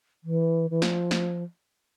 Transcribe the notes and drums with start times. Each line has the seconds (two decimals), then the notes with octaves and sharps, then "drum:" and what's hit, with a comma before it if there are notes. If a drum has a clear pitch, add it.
0.24 E3
0.70 E3
0.82 F3, drum: snare
1.11 drum: snare